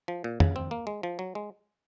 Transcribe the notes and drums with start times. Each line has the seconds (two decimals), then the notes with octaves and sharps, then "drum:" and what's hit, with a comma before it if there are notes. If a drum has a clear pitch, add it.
0.08 F3
0.24 A#2
0.40 C#3, drum: tom
0.56 C4
0.71 A#3
0.87 G#3
1.03 F3
1.19 F#3
1.35 G#3